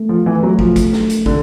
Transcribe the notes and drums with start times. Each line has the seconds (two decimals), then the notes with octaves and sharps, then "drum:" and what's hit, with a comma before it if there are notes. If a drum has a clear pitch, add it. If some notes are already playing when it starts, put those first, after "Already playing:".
Already playing: A3
0.09 F3
0.26 E3
0.43 F#3
0.59 F3, drum: kick
0.76 drum: kick, hi-hat
0.93 drum: snare
1.10 drum: hi-hat
1.26 D3, drum: kick